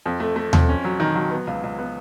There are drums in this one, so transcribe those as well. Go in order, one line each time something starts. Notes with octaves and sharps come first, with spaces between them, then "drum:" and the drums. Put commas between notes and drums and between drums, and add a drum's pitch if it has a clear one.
F2
A3
A3
F2, drum: tom D#2
C#4
F#3
D#3
F#3
B3
C#2
C#2
B3